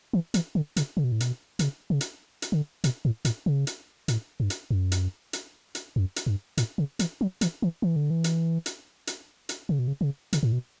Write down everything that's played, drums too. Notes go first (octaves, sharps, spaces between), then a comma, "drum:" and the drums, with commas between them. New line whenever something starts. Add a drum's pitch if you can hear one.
E3
E3, drum: hi-hat
D3
C#3, drum: hi-hat
C#3
B2
A2
B2, drum: hi-hat
C#3, drum: hi-hat
C#3
drum: hi-hat
drum: hi-hat
D3
B2, drum: hi-hat
A2
A2, drum: hi-hat
C#3
drum: hi-hat
A2, drum: hi-hat
G2
drum: hi-hat
F#2
drum: hi-hat
drum: hi-hat
drum: hi-hat
F#2
drum: hi-hat
G2
A2, drum: hi-hat
C#3
E3, drum: hi-hat
F#3
E3, drum: hi-hat
E3
E3
D3
E3
drum: hi-hat
drum: hi-hat
drum: hi-hat
drum: hi-hat
C#3
B2
C#3
C#3
C#3, drum: hi-hat
A2
B2